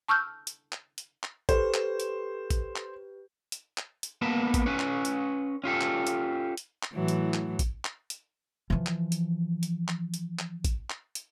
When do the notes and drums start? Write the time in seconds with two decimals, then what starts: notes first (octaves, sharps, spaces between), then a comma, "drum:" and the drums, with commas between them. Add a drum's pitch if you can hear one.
0.08 A5 C#6 E6 F6 G6
0.47 drum: hi-hat
0.72 drum: clap
0.98 drum: hi-hat
1.23 drum: clap
1.49 G4 A4 B4 C5, drum: kick, hi-hat
1.74 drum: clap
2.00 drum: hi-hat
2.50 drum: kick, hi-hat
2.76 drum: clap
3.52 drum: hi-hat
3.78 drum: clap
4.03 drum: hi-hat
4.22 A#3 B3 A#4 B4 A5
4.54 drum: kick, hi-hat
4.66 C#4 B4 C#5
4.79 drum: clap
5.05 drum: hi-hat
5.64 C#4 F4 G4 A4
5.81 drum: clap
6.07 drum: hi-hat
6.57 drum: hi-hat
6.83 drum: clap
6.93 A2 E3 F#3
7.08 drum: hi-hat
7.34 drum: clap
7.59 drum: kick, hi-hat
7.85 drum: clap
8.10 drum: hi-hat
8.70 E3 F3
8.86 drum: clap
9.12 drum: hi-hat
9.63 drum: hi-hat
9.88 drum: clap
10.14 drum: hi-hat
10.39 drum: clap
10.65 drum: kick, hi-hat
10.90 drum: clap
11.15 drum: hi-hat